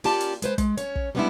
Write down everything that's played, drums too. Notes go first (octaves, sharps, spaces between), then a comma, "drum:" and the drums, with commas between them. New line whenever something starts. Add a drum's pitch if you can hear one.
A#3 C#4 F4 G4 D5 A5, drum: open hi-hat
drum: hi-hat
G#3 B4 C5, drum: hi-hat
G#3, drum: kick, hi-hat
C#4 C#5, drum: hi-hat
drum: kick
G3 G#3 B3 C#4 D4 E4